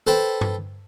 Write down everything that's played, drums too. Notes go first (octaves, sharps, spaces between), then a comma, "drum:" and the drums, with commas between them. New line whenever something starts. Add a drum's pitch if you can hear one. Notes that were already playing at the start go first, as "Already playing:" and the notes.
A4 B4 C5 G5
drum: tom G2